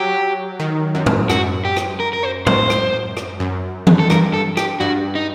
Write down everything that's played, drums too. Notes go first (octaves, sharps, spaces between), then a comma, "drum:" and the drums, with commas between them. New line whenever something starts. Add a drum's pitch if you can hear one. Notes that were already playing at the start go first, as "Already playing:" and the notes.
Already playing: F#3 G4
D#3
F#2
drum: tom A2
F#2 F#4, drum: rim click
G4
drum: rim click
A#4
A#4
C5
C5, drum: tom A2
drum: rim click
drum: rim click
F#2
drum: tom E3
A4
G2 A#4, drum: rim click
A4
G4, drum: rim click
G2 F#4
D#4